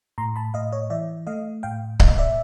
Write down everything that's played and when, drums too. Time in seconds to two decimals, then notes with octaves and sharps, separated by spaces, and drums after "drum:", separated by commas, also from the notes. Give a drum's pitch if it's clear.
0.18 A2 A#5 C6
0.36 A5 B5
0.54 A2 D#5 F5
0.72 C#5 D#5
0.90 E3 D5 E5
1.27 A3 D#5 F5
1.63 A2 F5 G5
2.00 A2 D#5 F5, drum: kick C#1
2.18 D5 E5